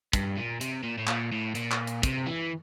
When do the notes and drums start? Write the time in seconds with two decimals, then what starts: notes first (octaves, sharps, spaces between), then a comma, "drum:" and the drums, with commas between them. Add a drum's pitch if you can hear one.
0.13 G2, drum: kick, hi-hat
0.37 A#2
0.61 C3, drum: hi-hat
0.84 A#2
0.98 A2
1.07 A#2, drum: clap
1.32 A2
1.55 A#2, drum: hi-hat
1.72 drum: clap
1.87 drum: hi-hat
2.03 C3, drum: kick, hi-hat
2.27 E3